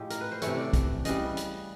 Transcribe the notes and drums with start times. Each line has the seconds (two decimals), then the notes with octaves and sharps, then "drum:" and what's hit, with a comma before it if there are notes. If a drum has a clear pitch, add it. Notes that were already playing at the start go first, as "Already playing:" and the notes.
Already playing: A2 F3 G#3 G4
0.10 A#4, drum: hi-hat
0.21 B4
0.32 C5
0.42 C3 E3 A3 C#5, drum: hi-hat
0.58 D5
0.73 drum: kick, hi-hat
1.05 C#3 E3 G3 D#5, drum: hi-hat
1.37 drum: hi-hat